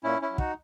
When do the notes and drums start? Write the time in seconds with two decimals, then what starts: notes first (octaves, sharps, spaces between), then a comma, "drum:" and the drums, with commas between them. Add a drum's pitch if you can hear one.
0.04 A#2 C#4 E4
0.22 C#4 E4
0.30 F#3
0.38 D#4 F#4, drum: kick